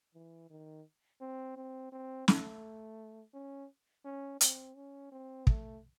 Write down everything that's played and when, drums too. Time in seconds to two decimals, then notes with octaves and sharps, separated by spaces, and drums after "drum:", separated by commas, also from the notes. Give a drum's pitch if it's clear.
0.14 E3
0.50 D#3
1.21 C4
1.57 C4
1.92 C4
2.28 A3, drum: snare
3.34 C#4
4.05 C#4
4.41 C4, drum: hi-hat
4.76 C#4
5.12 C4
5.47 A3, drum: kick